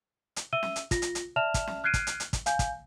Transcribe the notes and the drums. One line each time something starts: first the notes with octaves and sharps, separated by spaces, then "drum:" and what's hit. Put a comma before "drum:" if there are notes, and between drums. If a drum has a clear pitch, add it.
drum: hi-hat
E5 E6 D#7 G7
drum: snare C#4
drum: hi-hat
F4 A#6, drum: kick, hi-hat
drum: hi-hat
drum: hi-hat
D5 E5 A5 F6 E7 F7
drum: kick, hi-hat
drum: snare C#4
F6 F#6 G#6 C7 D7 D#7
drum: kick, hi-hat
drum: hi-hat
drum: hi-hat
drum: kick, hi-hat
F5 G#5 G6, drum: hi-hat
drum: kick, hi-hat